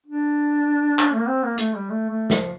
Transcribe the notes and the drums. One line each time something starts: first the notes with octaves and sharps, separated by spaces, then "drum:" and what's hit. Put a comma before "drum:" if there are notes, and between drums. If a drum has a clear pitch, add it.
D4
drum: clap
A3
A#3
C4
A#3
A3, drum: hi-hat
G3
A3
A3
F3, drum: snare